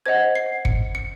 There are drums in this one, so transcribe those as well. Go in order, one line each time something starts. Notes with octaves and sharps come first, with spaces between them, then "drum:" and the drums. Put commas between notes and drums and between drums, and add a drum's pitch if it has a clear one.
C5 D#5 F#5 G#6
C7
C#7, drum: kick G1
C#7